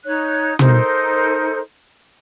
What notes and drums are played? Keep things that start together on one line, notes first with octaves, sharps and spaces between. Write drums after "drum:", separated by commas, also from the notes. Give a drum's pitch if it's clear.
D#4 C#5 F#6
D#4 A4 A#4 C5, drum: tom